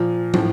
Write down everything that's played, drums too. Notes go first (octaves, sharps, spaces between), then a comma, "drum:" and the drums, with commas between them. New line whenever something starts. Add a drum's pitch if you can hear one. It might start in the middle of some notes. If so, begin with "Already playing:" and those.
Already playing: A#2 F3
A2 F3, drum: tom